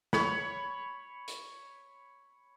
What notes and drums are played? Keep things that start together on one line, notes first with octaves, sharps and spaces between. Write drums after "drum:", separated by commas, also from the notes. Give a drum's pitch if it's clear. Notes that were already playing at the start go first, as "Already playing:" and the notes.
C#5 B5, drum: snare
drum: hi-hat